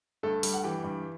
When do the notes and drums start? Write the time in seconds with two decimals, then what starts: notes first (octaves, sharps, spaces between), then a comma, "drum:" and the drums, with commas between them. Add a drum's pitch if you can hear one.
0.23 G2 A3 A4
0.43 G3, drum: open hi-hat
0.54 F#5
0.64 E3 G4 G5
0.84 G2